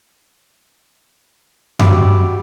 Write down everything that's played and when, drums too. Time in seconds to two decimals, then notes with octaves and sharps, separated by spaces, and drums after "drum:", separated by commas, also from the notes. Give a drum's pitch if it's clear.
1.79 F#4 G4 B5 D6 E6, drum: tom F#2